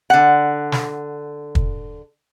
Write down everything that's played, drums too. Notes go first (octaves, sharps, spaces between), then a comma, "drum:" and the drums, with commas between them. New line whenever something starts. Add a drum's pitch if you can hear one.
D3 F#5
drum: snare
drum: kick